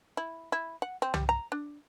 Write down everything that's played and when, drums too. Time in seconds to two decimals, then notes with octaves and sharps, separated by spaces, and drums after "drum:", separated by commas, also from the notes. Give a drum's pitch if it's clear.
0.17 E4
0.52 E4
0.82 F#5
1.02 C4
1.14 G3, drum: tom C2
1.29 A#5
1.52 D4